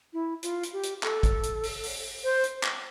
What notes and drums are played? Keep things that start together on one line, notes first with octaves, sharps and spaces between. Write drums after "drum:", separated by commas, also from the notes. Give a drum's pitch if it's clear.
E4
F4, drum: hi-hat
drum: hi-hat
G4
drum: hi-hat
A4, drum: clap
drum: kick A1, hi-hat
drum: hi-hat
drum: open hi-hat
drum: open hi-hat
C5
drum: hi-hat
drum: clap